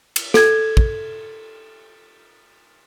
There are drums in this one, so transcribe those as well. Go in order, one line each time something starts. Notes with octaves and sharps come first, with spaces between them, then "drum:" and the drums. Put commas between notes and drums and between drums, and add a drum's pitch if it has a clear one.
drum: cymbal
A4 G#6, drum: snare
drum: kick